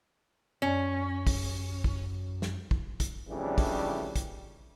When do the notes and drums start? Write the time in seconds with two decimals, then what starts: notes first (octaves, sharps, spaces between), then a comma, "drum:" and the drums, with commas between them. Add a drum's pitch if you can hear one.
0.62 F#2 C#4
1.27 drum: kick, open hi-hat
1.84 drum: kick
2.42 drum: snare
2.71 drum: kick
3.00 drum: kick, hi-hat
3.29 F2 A2 C#3 E3 G3 D4
3.58 drum: kick, open hi-hat
4.16 drum: kick, hi-hat